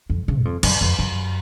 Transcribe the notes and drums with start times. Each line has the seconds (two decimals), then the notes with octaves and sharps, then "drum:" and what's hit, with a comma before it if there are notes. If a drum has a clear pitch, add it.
0.10 F2
0.28 C#3
0.41 F#2
0.45 F2
0.63 F#2, drum: cymbal
0.81 F2
0.99 F#2